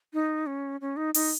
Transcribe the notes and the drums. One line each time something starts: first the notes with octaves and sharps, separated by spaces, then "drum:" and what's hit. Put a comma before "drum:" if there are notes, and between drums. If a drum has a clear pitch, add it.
D#4
C#4
C#4
D#4
D#4, drum: open hi-hat